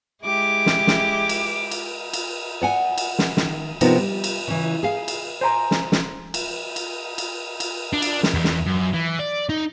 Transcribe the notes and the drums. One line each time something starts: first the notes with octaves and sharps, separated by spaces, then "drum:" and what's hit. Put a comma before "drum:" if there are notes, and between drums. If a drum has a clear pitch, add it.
G#3 E4 G4 D6
drum: snare
drum: snare
drum: cymbal
drum: cymbal
drum: cymbal
D5 F#5 G#5
drum: cymbal
drum: snare
D#3, drum: snare
C3 F3 B3 D#4 F4 A#4, drum: cymbal
G3
drum: cymbal
C#3 E3
G#4 F5
drum: cymbal
C5 G#5 A#5
drum: snare
drum: snare
drum: cymbal
drum: cymbal
drum: cymbal
drum: cymbal
D4
drum: cymbal
drum: snare
E2 E3
drum: snare
F#2
E3
D5
D#4